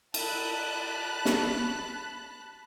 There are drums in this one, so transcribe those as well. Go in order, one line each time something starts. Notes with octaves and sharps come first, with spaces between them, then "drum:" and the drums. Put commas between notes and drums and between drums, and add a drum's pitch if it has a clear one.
A5 B5 F#6, drum: cymbal
drum: snare